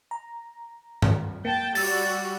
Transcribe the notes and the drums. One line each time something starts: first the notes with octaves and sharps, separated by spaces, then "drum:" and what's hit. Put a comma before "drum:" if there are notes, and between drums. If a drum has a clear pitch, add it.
A#5
drum: tom G2
A#3 G5 A5
G3 F#4 E6 A6, drum: open hi-hat